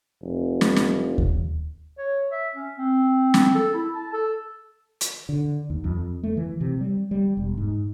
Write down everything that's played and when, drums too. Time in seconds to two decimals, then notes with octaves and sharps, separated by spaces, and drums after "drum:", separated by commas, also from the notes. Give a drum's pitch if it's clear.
0.22 F1
0.61 drum: snare
0.76 drum: snare
1.18 drum: kick D#2
1.98 C#5
2.32 E5
2.55 C#4
2.79 C4
3.34 drum: snare
3.55 A4
3.74 E4
3.95 A5
4.13 A4
5.01 drum: hi-hat
5.29 D3
5.70 D#2
5.84 F2
6.23 A3
6.37 E3
6.61 C3
6.81 G3
7.11 G3
7.37 E1
7.57 G#2